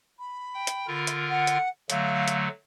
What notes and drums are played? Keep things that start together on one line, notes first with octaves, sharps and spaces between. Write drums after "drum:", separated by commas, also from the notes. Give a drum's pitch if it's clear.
B5
G5
drum: hi-hat
D3 F4 A#4
drum: hi-hat
F#5
drum: hi-hat
D3 F#3 A3 F5, drum: hi-hat
drum: hi-hat